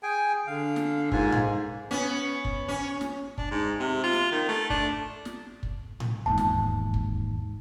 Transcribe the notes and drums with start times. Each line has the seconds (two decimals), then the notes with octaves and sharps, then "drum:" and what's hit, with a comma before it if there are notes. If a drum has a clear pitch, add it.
0.03 G#4 G5 G#5
0.47 D3 F5
0.76 drum: snare
1.12 G#2 A#3 F4 G#5, drum: kick
1.32 drum: tom A2
1.91 B3 C#4, drum: snare
2.45 drum: kick
2.68 C#4
3.01 drum: snare
3.38 D4, drum: kick
3.51 G#2
3.80 C3
4.03 F4
4.13 drum: snare
4.32 D#3
4.48 A3
4.70 D4, drum: kick
5.25 drum: snare
5.63 drum: kick
6.00 drum: tom A2
6.26 E1 D#2 G#2 A5
6.38 drum: snare
6.94 drum: kick